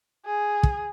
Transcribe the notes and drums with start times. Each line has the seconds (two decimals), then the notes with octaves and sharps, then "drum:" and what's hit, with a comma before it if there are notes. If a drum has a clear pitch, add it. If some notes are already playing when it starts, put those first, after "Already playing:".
0.25 G#4
0.63 drum: kick